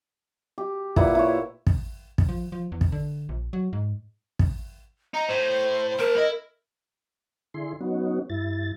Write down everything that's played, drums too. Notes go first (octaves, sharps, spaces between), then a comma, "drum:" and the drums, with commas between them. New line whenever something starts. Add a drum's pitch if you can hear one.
G4
A#2 E4 B4 F#5, drum: kick
E4 C#5
drum: kick
drum: kick
F3
F3
E2
drum: kick
D3
A#1
F#3
G#2
drum: kick
D#4 A#5
A2 C5
A#3 A#4 A5
E4 D#5
D3 E4 G#4 C6
F#3 B3 C#4 D#4 F#4
G2 E4 A6